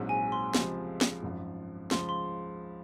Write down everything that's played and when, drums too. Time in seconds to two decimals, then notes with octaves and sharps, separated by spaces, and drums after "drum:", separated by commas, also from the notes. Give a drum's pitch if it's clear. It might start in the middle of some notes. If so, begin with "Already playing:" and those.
Already playing: A#1 G#2 F#3 C4
0.09 G#5
0.32 C6
0.54 C#2 C3 F3 G#3 C4, drum: snare
1.01 drum: snare
1.23 G#1 F#2 F3
1.91 C#2 C#3 F3 C6, drum: snare
2.09 C6